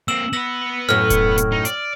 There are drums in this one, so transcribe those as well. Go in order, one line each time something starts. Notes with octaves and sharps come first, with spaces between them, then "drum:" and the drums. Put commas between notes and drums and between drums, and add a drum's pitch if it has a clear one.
A#3 C4 E6 E7 F#7
B3 B4 E6 A#6 F#7
F#2 A2 F6
drum: kick D#1, hi-hat
drum: hi-hat
D#4
D5, drum: hi-hat